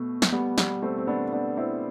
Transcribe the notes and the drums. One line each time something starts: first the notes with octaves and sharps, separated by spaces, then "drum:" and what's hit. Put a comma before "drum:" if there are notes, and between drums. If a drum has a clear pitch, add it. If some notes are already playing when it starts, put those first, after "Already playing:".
Already playing: B2 A3
drum: snare
G3 B3
G3 B3, drum: snare
A3 C4
C4
B3 D4
B3 D4
C4 E4